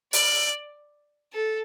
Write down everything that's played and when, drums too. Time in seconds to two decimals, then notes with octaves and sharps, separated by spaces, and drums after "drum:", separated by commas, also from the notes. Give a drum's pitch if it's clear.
0.13 D5, drum: open hi-hat
1.33 A4